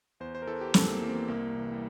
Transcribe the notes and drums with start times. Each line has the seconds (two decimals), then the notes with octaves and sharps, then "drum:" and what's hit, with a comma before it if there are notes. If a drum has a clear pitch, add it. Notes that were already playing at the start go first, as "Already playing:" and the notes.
0.20 E2 C5
0.35 C5
0.42 A#4
0.47 E3 A4
0.61 G4
0.74 E2 A4, drum: snare
0.88 A#3
0.93 C4
1.01 E3 A#3
1.10 C4
1.28 C2 A#3
1.55 C3 E3
1.72 G3